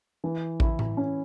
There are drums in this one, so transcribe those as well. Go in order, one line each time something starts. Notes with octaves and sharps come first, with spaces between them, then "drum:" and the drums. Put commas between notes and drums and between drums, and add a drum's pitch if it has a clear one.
E3
E4, drum: kick A1
drum: tom A2
C#4